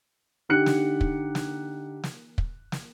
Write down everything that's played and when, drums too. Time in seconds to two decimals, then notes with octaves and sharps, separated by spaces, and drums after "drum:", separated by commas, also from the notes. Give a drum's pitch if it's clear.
0.49 D3 D#4 G4 F#6 C#7
0.66 drum: snare
1.01 drum: kick
1.35 drum: snare
2.04 drum: snare
2.38 drum: kick
2.72 drum: snare